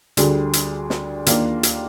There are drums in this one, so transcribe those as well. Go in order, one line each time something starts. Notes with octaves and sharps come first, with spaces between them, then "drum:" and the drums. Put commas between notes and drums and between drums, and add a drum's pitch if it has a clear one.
D2 D3 G3 D4 G#4, drum: hi-hat
drum: hi-hat
drum: snare
D#2 D#3 A#3 D4 F4, drum: hi-hat
drum: hi-hat